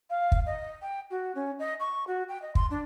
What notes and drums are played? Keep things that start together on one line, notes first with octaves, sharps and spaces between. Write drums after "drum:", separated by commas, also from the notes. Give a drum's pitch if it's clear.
F5
drum: kick
D#5
G5
F#4
C#4
D#5
C#6
F#4
G5
D#5
C6, drum: kick
D4